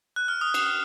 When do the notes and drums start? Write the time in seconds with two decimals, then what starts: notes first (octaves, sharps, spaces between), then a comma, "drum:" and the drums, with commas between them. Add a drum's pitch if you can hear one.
0.16 F#6
0.28 F6
0.41 D#6
0.54 D#6, drum: cymbal